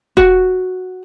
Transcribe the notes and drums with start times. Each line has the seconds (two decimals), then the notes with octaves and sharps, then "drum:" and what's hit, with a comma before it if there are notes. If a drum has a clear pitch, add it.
0.17 F#4, drum: kick E1